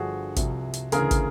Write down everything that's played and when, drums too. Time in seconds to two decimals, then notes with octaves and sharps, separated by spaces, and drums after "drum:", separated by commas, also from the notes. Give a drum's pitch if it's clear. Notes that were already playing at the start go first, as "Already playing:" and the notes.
Already playing: G1 G2 D3 F3 F#4 G#4
0.36 C2 C3 F3, drum: kick, hi-hat
0.73 drum: hi-hat
0.92 D2 C#3 E3 G#4 A#4, drum: hi-hat
1.11 drum: kick, hi-hat